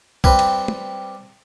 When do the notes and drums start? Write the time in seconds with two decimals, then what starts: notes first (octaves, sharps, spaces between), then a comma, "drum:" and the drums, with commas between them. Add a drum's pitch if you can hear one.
0.24 G3 C4 B4, drum: kick B1
0.39 drum: cymbal
0.68 drum: tom